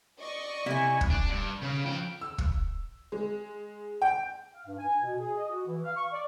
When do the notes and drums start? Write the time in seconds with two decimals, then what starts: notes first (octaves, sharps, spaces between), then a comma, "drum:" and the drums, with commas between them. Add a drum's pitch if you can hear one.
0.20 D5 D#5 C#6
0.66 C3 E4 G#5
1.01 drum: kick
1.10 D4
1.30 G2
1.62 C#3
1.86 F3 G5
2.21 E6
2.38 drum: kick
3.12 G#3
4.02 G5
4.54 F5
4.66 G2
4.78 G#5
5.02 B2
5.20 G#4
5.37 D#5
5.50 F#4
5.67 E3
5.84 F5
5.96 C#6
6.12 D5